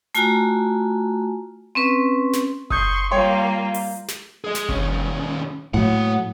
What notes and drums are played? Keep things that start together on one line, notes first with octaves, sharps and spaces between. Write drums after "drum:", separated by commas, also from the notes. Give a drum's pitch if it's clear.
A3 F4 F#4 G#5 A#5, drum: hi-hat
C4 C#4 B4
drum: snare
C6 C#6 D#6 G6, drum: kick F#1
G3 A#3 F4 C#5 G5 C6
drum: open hi-hat
drum: snare
G#4 D#5
drum: snare
D#2 C#4, drum: kick F#1
A2 F#3 A#3 F#5